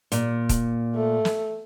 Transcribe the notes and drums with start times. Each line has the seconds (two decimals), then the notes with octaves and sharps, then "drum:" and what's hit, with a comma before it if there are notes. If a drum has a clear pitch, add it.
0.12 A#2, drum: hi-hat
0.49 drum: kick, hi-hat
0.95 A3
1.25 drum: snare